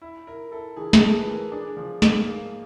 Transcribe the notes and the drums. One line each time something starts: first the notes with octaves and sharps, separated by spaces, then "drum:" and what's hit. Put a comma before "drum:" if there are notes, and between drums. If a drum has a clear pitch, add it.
E4
E4 A#4
E4 A4
E3 G#4
G#4, drum: snare
A3 A4
B4
E3 A#4
D4 G#4
F3
G#2, drum: snare
A#3